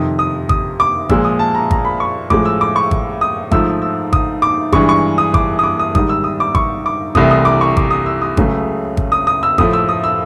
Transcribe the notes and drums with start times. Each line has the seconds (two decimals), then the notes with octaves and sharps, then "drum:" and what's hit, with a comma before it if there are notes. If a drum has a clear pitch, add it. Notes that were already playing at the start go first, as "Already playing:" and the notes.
Already playing: F2 C3 D#3 D#6
0.19 D#6
0.49 D#6, drum: kick G#1
0.80 D6
1.09 A#2 F3 G#3 E6, drum: kick G#1
1.24 D#6
1.39 A5
1.55 A#5
1.71 A#5, drum: kick G#1
1.85 B5
2.00 C#6
2.30 A2 F3 G#3 D6, drum: kick G#1
2.45 E6
2.61 D6
2.76 C#6
2.91 drum: kick G#1
3.21 D#6
3.51 G#2 F3 A3 E6, drum: kick G#1
3.82 E6
4.13 D#6, drum: kick G#1
4.42 D6
4.72 G2 E3 G#3 C#6, drum: kick G#1
4.89 C#6
5.18 D#6
5.34 D6, drum: kick G#1
5.59 D#6
5.64 D6
5.79 D#6
5.95 G#2 D#3 G3 D#6, drum: kick G#1
6.09 E6
6.24 D#6
6.40 D6
6.55 C#6, drum: kick G#1
6.86 D6
7.15 C2 C3 E3 A3 D#6, drum: kick G#1
7.31 D#6
7.45 D6
7.61 C#6
7.77 D6, drum: kick G#1
7.91 D#6
8.06 E6
8.21 D#6
8.37 C#2 C#3 F#3 A3, drum: kick G#1
8.97 drum: kick G#1
9.12 D#6
9.27 D#6
9.43 E6
9.58 A2 F3 A3 D#6, drum: kick G#1
9.73 E6
9.89 D#6
10.04 E6